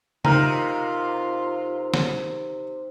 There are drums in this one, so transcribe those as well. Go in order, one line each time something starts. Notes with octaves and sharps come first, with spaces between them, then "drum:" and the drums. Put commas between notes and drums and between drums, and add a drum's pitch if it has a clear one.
C3 D#4 F4 A#4 A#5 F6, drum: tom C#3
drum: snare